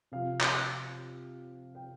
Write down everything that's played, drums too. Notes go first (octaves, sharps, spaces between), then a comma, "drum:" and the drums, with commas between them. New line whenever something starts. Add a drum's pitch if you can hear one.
C3 F3 F5
drum: clap
G5